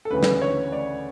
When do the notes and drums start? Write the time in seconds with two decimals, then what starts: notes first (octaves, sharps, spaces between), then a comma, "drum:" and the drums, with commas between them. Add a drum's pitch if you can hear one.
0.05 A4
0.10 D2 C#3 E3 B4
0.23 drum: snare
0.42 C#5
0.72 D5